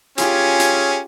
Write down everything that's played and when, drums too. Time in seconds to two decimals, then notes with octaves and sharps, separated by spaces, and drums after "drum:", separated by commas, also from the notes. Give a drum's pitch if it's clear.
0.18 C#4 F4 G4 G#4, drum: hi-hat
0.60 drum: hi-hat